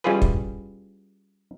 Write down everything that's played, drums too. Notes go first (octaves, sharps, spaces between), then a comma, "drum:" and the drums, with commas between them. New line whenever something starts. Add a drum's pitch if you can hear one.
G3 C#4 E4 F4 G#4 B4
drum: kick